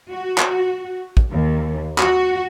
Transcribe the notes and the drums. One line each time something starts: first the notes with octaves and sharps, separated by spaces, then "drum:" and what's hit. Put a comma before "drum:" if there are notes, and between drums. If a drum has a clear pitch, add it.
F#4
drum: clap
drum: kick
D#2
F#4, drum: clap